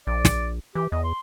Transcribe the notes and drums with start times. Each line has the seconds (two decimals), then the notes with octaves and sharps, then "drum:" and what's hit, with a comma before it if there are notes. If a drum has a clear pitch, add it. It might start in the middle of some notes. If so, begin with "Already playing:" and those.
0.07 A#1 D5
0.25 drum: snare
0.75 E3 G4
0.92 E2 D#5
1.04 C6